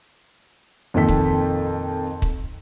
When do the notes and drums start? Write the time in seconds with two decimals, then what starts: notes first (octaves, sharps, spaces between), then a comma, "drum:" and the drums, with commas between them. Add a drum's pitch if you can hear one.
0.94 F2 A#2 D#3 A4 B6
1.08 drum: kick C#1
2.22 drum: kick C#1